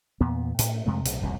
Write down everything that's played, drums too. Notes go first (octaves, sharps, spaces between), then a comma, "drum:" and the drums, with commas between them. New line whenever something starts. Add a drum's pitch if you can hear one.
E2 A#2 B3
A2, drum: hi-hat
F2 C3 G#3 A3
B1 A2 C3, drum: hi-hat
E1 C2 A#2